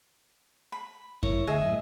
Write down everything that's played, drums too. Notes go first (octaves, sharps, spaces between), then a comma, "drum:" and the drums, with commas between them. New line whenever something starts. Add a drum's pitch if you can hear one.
B5
E4 A#4 C#5, drum: kick F#2
D2 G#4 D#5 E5
F#2 A2